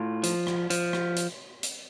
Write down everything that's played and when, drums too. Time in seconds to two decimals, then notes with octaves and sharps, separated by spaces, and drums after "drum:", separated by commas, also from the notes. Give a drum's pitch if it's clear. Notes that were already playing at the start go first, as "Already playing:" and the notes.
Already playing: A2 F4
0.23 F3, drum: hi-hat
0.47 drum: rim click
0.70 F3, drum: hi-hat
0.93 drum: rim click
1.16 drum: hi-hat
1.63 drum: hi-hat